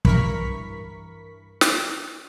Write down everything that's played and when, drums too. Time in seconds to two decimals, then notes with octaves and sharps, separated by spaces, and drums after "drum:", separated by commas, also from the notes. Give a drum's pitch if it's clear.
0.05 G2 E3 A#4 B5 C#6 B6, drum: kick
1.61 drum: snare